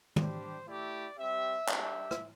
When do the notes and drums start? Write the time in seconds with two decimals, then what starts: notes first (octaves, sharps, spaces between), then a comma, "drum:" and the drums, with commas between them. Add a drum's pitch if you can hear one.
0.16 G3 D4 G4 C5, drum: tom
0.67 A3 E4 G4 D5
1.18 G3 C4 G4 E5
1.69 G3 D4 G4 E5, drum: clap
2.11 drum: rim click